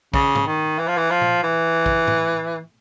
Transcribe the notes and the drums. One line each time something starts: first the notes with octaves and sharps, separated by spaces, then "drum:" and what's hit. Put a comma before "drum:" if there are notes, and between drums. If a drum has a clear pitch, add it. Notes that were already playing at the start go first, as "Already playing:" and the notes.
C#3, drum: kick
drum: tom
D#3
E3
F3
E3
F3
drum: tom
E3
drum: kick
drum: tom